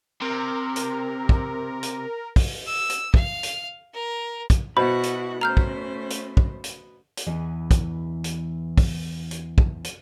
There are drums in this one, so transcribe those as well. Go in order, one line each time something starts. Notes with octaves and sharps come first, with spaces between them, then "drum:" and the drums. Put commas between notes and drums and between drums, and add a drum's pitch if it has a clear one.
C3 A#4
drum: hi-hat
drum: kick
drum: hi-hat
drum: kick, open hi-hat
E6
drum: hi-hat
F5, drum: kick
drum: hi-hat
A#4
drum: kick, hi-hat
B2 B3 E4 F#4 C5 F#5 B5
drum: hi-hat
A3 C#4 C5 A#5 F6 G6
drum: kick
drum: hi-hat
drum: kick
drum: hi-hat
drum: hi-hat
E2 E3 G#4 D#5
drum: kick, hi-hat
drum: hi-hat
drum: kick, open hi-hat
drum: hi-hat
drum: kick
drum: hi-hat